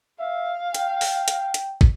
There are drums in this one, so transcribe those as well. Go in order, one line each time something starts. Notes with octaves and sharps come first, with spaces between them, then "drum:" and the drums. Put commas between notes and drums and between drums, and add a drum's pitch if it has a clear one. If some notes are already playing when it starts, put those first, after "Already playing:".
E5 F5
G5, drum: hi-hat
drum: open hi-hat
drum: hi-hat
drum: hi-hat
drum: kick